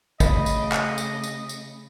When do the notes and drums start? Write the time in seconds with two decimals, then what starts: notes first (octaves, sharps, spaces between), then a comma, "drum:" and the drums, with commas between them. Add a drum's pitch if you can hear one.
0.20 C#3 A3 D#5 B5, drum: kick, tambourine
0.46 drum: tambourine
0.72 drum: clap
0.98 drum: tambourine
1.24 drum: tambourine
1.49 drum: tambourine